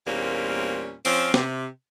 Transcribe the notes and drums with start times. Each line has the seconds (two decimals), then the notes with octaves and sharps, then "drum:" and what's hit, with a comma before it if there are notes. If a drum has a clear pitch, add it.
0.07 E2 A#2 G3 A#3 C4 C#4
1.05 F3 C4 C#4, drum: open hi-hat
1.34 C3, drum: snare